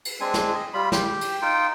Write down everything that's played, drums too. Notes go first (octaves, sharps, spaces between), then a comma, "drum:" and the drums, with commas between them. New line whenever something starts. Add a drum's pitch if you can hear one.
drum: cymbal
G#3 C4 D4 G#5
drum: snare
D#5
G3 F4 B5
G4, drum: snare
drum: cymbal
D#4 F4 G5